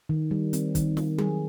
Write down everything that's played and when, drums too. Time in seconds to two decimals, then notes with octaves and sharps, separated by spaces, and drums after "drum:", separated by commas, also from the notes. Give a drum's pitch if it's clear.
0.09 D#3
0.31 G3
0.53 C4, drum: hi-hat
0.75 D#3, drum: kick, hi-hat
0.97 G3, drum: snare
1.18 G#4, drum: tom F#3